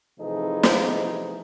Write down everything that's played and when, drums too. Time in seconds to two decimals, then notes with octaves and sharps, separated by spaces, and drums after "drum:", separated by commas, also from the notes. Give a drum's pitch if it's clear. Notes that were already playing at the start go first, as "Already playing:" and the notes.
0.20 C3 E3 F3 A3 D#4 G#4
0.63 drum: snare